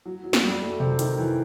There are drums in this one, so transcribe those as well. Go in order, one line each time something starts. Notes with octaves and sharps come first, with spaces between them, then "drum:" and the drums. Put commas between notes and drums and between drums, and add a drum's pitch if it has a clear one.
F#3
F#3
drum: snare
G3
A3
C3
D#3, drum: hi-hat
E3